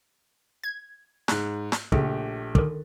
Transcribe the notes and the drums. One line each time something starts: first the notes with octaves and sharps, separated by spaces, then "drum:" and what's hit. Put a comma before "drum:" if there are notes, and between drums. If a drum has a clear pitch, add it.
G#6
G#2 F#6, drum: snare
drum: snare
A#1 C#3 A3 G4, drum: kick
D3 D#3, drum: kick